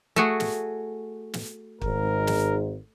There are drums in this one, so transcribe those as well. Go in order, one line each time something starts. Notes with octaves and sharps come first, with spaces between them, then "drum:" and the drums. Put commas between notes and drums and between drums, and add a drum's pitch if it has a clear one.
A3 F#4 G#4
drum: snare
drum: snare
G#1 G#2 A#4, drum: kick
drum: snare